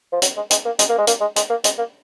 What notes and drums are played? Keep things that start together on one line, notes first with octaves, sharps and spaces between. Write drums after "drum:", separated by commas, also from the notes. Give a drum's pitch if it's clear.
F3
F#3, drum: hi-hat
G#3
G#3, drum: hi-hat
A#3
G#3, drum: hi-hat
A#3
G#3
A#3, drum: hi-hat
G#3
G#3, drum: hi-hat
A#3
G#3, drum: hi-hat
A#3